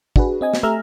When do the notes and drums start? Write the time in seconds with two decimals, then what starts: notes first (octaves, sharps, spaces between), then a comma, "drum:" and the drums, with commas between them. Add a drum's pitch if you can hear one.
0.16 D4 F#4 G#4 B4, drum: kick
0.41 C4 D#5 G#5
0.54 drum: snare
0.63 A3 G4 E5 A#5 E6 F6